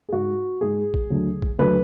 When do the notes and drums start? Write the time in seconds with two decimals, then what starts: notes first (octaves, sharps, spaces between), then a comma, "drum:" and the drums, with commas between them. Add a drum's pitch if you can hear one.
0.09 G#4
0.13 G#2 G#3 F#4
0.61 G#2 G#3 G#4
0.94 drum: kick
1.10 D2 D3 F#3
1.42 drum: kick
1.59 D2 D3 F#3 B4